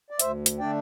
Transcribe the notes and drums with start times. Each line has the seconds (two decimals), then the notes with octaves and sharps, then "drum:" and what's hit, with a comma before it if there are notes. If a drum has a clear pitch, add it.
0.10 D5
0.19 D2 C5 E5, drum: hi-hat
0.46 drum: hi-hat
0.59 D3 A3 D4 D5 G5